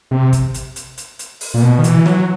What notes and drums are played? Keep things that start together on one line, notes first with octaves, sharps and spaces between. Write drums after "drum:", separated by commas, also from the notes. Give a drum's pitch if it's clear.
C3
drum: kick, hi-hat
drum: hi-hat
drum: hi-hat
drum: hi-hat
drum: hi-hat
drum: open hi-hat
A#2
B2
D#3
E3, drum: hi-hat
F#3, drum: snare